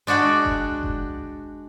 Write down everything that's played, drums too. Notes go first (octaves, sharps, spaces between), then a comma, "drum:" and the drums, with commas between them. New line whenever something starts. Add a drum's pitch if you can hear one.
G#3 D4 F#4 D5 G5
drum: kick F1
drum: kick F1